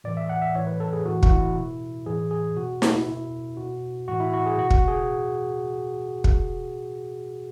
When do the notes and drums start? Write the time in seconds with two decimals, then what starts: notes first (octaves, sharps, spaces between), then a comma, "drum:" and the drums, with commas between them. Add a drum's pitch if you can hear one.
0.04 A2 E3 D5
0.17 E5
0.29 F#5
0.42 E5
0.55 A2 E3 C#5
0.67 B4
0.80 A4
0.93 G#4
1.05 A2 E3 F#4
1.23 F#4, drum: kick
1.31 E4
1.55 B2
2.06 A2 E3 G#4
2.31 G#4
2.56 B2 F#4
2.82 E4, drum: snare
3.07 B2
3.57 B2 F#4
4.08 A2 E3 F#4
4.20 E4
4.34 F#4
4.46 G#4
4.58 B2 F#4
4.71 F#4, drum: kick
4.88 G#4
6.24 drum: kick